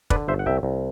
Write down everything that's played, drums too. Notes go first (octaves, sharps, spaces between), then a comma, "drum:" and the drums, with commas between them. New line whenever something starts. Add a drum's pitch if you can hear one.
D3 B4 D5, drum: kick
G1 C5 E5
F#5
C2 E5 G5
C2